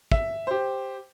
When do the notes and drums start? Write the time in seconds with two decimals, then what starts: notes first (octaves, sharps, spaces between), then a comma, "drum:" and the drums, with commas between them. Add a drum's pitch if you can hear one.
0.12 E5, drum: kick
0.47 G4 C5